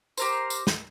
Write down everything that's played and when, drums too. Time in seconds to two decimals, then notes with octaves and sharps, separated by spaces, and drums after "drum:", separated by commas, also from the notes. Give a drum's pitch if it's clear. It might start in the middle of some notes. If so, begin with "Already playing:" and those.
0.17 G4 A#4 C5, drum: tambourine
0.50 drum: tambourine
0.67 drum: snare